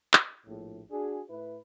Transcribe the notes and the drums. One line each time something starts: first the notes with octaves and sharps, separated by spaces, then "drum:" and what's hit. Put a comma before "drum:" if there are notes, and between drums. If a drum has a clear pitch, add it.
drum: clap
A#1 A2
D4 F#4 G#4
A2 E4 B4